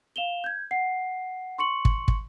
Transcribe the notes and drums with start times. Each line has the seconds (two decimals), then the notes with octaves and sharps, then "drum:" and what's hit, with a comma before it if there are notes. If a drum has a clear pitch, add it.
0.16 F5 E7 F7 G7
0.44 G6 G#6
0.71 F#5 C7
1.58 C6 C#6 C#7 F#7
1.85 drum: kick
2.08 drum: kick